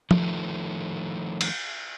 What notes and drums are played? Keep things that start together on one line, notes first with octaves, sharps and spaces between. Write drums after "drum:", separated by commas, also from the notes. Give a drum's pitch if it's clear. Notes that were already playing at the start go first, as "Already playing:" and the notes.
D#3 F3 A3, drum: tom
drum: cymbal